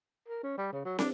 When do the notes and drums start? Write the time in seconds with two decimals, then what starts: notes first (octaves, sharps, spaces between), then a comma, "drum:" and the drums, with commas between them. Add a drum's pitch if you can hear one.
0.28 A#4
0.44 C#4
0.58 G3
0.73 C#3
0.85 F#3
0.99 D4, drum: snare